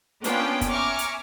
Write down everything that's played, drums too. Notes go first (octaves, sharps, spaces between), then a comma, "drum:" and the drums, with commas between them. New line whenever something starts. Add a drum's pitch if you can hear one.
A#3 B3 C#4 D4 F4 G5, drum: hi-hat
drum: kick, hi-hat
E5 G#5 A#5 C#6 D6 F6
drum: hi-hat